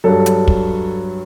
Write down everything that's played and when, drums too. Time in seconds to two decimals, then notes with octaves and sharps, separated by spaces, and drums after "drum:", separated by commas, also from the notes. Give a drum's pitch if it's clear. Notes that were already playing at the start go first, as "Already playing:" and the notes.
0.04 G2 F#3 A4
0.26 drum: hi-hat
0.48 drum: kick